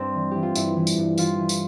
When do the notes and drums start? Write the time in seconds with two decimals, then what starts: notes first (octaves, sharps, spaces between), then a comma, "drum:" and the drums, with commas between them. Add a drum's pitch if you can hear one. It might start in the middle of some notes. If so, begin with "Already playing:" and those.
Already playing: G2 C4 D4
0.15 E3
0.31 E3 G4
0.43 F4
0.55 G2 E4, drum: tambourine
0.76 E3
0.87 drum: tambourine
0.97 G2
1.18 E3 F4, drum: tambourine
1.39 E3
1.49 drum: tambourine